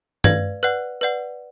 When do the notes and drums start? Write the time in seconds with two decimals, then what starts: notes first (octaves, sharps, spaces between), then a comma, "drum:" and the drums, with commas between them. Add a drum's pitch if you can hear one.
0.24 B4 D5 F5 G#6, drum: tom
0.63 B4 D5 F#5 F#6
1.01 B4 D5 F#5